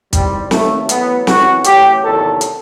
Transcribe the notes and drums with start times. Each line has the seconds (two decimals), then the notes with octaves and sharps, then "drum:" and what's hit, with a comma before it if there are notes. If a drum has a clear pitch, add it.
0.13 E2 C3 D#3 G3, drum: kick, hi-hat
0.51 D#2 D#3 F#3 A3, drum: snare
0.89 A1 A2 F#3 B3, drum: hi-hat
1.27 F#2 E3 F#4, drum: snare
1.64 A1 A2 F#3 G4, drum: hi-hat
2.02 E2 C3 D#3 F#3 A4
2.41 drum: hi-hat